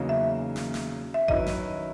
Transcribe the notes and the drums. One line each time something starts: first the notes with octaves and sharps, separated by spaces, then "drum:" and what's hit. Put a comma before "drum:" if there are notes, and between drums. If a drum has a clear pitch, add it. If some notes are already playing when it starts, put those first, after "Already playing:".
Already playing: E2 C#3 F#3 A#3 D#4
E5
drum: snare
drum: snare
E5
D#3 F#3 C#4 E4 B4 D#5, drum: kick A1
drum: snare